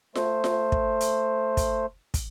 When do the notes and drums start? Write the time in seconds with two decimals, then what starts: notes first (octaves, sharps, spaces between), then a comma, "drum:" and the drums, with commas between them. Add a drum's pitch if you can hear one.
0.15 A3 C5, drum: snare F4
0.44 drum: snare F4
0.72 drum: kick
1.00 drum: hi-hat
1.57 drum: kick, hi-hat
2.14 drum: kick, hi-hat